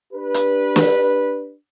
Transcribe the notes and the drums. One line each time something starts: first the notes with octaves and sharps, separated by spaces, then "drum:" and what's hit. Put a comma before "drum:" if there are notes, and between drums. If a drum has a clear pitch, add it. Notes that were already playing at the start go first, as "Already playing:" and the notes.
D4 G4 B4
drum: hi-hat
drum: snare